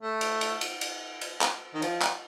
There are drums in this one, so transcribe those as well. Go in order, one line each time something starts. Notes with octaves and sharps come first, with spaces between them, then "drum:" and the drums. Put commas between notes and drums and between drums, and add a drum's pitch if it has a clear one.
A3
drum: cymbal
drum: cymbal
drum: cymbal
drum: cymbal
drum: cymbal
drum: clap
D#3
F3, drum: cymbal
drum: clap